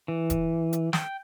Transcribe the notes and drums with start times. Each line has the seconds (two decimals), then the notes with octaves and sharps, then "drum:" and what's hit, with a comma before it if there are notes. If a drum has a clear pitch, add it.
0.08 E3
0.30 drum: kick E1, hi-hat
0.73 drum: hi-hat
0.93 G5, drum: snare